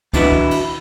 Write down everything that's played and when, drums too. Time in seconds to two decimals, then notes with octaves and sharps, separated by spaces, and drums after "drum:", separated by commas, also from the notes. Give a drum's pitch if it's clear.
0.13 D#3 D4 E4 F#4 B4, drum: kick, cymbal
0.32 drum: kick
0.51 drum: cymbal